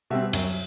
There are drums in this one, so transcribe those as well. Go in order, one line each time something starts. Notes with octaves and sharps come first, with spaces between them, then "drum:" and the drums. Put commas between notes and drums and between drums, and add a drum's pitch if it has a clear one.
B2 G3 C4 E5
F#2, drum: cymbal